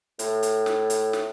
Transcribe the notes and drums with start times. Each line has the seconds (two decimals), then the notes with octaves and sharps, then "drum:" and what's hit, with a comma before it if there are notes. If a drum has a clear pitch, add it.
0.19 A2, drum: hi-hat
0.43 drum: hi-hat
0.66 drum: snare
0.90 drum: hi-hat
1.13 drum: snare